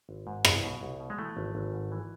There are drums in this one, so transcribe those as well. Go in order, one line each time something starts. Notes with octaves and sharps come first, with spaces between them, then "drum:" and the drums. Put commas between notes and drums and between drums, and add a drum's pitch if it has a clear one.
G#1
G#2
C2, drum: rim click
B2
C2
B2
G#3
E3 A3
G#1
G#1
G#2
E3